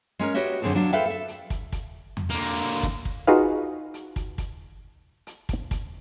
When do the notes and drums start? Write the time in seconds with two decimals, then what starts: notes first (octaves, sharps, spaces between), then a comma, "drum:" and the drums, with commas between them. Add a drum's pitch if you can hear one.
0.19 G#3 C#4 A#4
0.34 F#4 G4 B4 C#5 D#5 E5
0.62 F#2 D3 E3 C4 G#4 A4
0.74 E2 F#3 D4 F5
0.93 A4 B4 C5 E5 F5 G5
1.06 A4 E5
1.28 drum: hi-hat
1.50 drum: kick, hi-hat
1.72 drum: kick, hi-hat
2.17 drum: tom E2
2.30 D3 A#3
2.83 drum: kick, hi-hat
3.05 drum: kick
3.27 D#4 F4 F#4 G#4 B4 F5
3.94 drum: hi-hat
4.16 drum: kick, hi-hat
4.38 drum: kick, hi-hat
5.27 drum: hi-hat
5.49 drum: kick, hi-hat
5.71 drum: kick, hi-hat